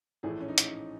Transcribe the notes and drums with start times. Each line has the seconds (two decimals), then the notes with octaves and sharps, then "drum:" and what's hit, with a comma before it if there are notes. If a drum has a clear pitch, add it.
0.23 A#1 A2 E3 A3 G#4
0.41 C#4
0.48 D#4
0.58 drum: hi-hat